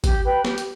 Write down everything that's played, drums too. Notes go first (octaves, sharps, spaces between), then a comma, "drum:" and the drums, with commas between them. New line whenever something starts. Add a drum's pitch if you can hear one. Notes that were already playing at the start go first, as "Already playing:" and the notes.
G4, drum: kick, hi-hat
B4 G5 B5
G4, drum: snare
drum: hi-hat